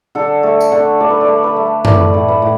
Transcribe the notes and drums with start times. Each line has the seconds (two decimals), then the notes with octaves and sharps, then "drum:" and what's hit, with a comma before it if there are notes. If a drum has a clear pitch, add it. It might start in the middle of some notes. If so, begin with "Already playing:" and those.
0.15 D3 A4
0.43 A3
0.60 drum: tambourine
0.72 D3
1.00 A3 D5
1.10 B4
1.21 D5
1.28 A3
1.43 B4
1.56 A3
1.85 A2 D5, drum: tom F#2
1.97 B4
2.09 D5
2.14 A2
2.28 B4
2.42 A2